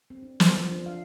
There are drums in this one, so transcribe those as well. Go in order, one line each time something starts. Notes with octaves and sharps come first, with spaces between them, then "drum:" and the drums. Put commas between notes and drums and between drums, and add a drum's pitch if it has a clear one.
C4
D4
C5, drum: snare
F3
D4
F5